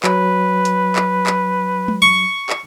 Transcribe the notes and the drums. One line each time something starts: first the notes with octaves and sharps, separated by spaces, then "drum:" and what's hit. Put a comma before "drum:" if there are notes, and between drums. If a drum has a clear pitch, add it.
F#3 B4, drum: clap
drum: hi-hat
drum: clap
drum: clap
drum: tom G#3
C#6
drum: clap